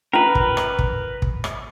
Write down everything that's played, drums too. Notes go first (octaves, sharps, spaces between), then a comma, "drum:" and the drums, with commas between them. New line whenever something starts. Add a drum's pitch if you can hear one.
C#4 F4 A#4 B4 A#5
drum: kick
drum: rim click
drum: kick
drum: kick
drum: rim click